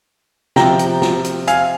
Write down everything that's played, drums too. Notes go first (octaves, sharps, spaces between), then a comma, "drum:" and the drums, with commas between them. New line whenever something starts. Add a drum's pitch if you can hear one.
C3 F3 C4 G5 A#5, drum: snare
drum: hi-hat
drum: snare
drum: hi-hat
F5 G#5, drum: hi-hat